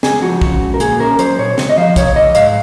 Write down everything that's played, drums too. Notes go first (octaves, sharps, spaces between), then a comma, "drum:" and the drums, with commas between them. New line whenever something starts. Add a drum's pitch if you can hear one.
C#2 G#4, drum: snare
F3 F#4
C#3, drum: kick
C#2
A#4
A#2 G#4, drum: hi-hat
C#4 A#4
F#3 C5, drum: hi-hat
A#2 C#5
C#2, drum: snare
D#5
F3 F5
C3 C#5, drum: kick, hi-hat
C#2 D#5
G#2 F5, drum: hi-hat